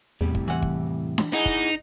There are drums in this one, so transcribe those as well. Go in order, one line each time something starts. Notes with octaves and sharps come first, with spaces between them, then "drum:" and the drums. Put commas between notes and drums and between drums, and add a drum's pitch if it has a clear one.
E2 A2 C3 G3
drum: kick
E3 F#5
drum: kick
drum: snare D4
D#4 E4 G#4 F#5
drum: kick